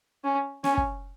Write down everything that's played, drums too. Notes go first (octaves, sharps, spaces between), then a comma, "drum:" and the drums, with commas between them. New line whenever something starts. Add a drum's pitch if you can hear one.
C#4
C#4, drum: snare
drum: kick